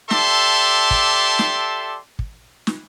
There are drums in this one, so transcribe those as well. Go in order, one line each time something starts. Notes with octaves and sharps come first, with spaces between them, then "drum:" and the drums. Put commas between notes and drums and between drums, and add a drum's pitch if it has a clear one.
G4 A4 D5 E5 A5 C6, drum: snare
drum: kick
drum: snare
drum: kick
drum: snare